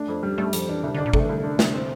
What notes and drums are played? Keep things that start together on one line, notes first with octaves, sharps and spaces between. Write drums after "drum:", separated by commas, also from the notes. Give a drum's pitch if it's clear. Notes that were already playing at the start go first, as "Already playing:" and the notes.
Already playing: A3 D4
F2
G3
G3 A3
F2 F3, drum: hi-hat
E3 D4
C2 D3
D3 D4
A#2
C3 A3, drum: kick G#1
E3
C2 D3
D4
C2, drum: snare
C4